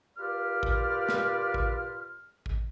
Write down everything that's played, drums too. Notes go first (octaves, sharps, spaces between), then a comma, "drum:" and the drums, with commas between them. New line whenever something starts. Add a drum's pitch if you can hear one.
F4 G4 A#4 B4 D5 F6
drum: kick A1
drum: snare
drum: kick A1
drum: kick A1